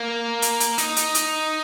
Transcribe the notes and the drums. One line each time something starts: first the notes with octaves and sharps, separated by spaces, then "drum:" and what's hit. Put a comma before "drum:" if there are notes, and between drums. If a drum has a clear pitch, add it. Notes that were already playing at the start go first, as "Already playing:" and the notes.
Already playing: A#3
drum: hi-hat
drum: hi-hat
D#4, drum: hi-hat
drum: hi-hat
drum: hi-hat